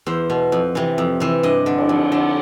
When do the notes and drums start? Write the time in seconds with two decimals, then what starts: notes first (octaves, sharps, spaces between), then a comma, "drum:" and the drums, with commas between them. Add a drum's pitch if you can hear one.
0.06 E2 C5
0.30 B2
0.52 F2
0.75 C3 E3
0.98 F2
1.20 C3 E3
1.43 G2 D#5
1.66 D3
1.78 drum: cymbal
1.89 F2
2.12 D3